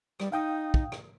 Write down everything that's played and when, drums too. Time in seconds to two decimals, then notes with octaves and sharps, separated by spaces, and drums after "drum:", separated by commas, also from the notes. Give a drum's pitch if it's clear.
0.20 G3, drum: rim click
0.32 D#4 F5 G5 D#6
0.74 drum: kick
0.92 drum: rim click